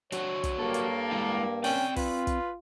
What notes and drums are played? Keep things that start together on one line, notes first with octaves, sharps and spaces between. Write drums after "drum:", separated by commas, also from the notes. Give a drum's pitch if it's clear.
F#3 D4 F#4 C#5, drum: hi-hat
drum: kick, hi-hat
G2 A#3 A4
drum: hi-hat
G#3 E4 F5
C4 C#4 D5 G5, drum: open hi-hat
F4 B4, drum: kick, open hi-hat
drum: kick, hi-hat